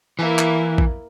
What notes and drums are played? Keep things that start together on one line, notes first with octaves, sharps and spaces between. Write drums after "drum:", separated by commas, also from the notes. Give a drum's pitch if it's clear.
E3 A#3 E4
drum: clap
drum: kick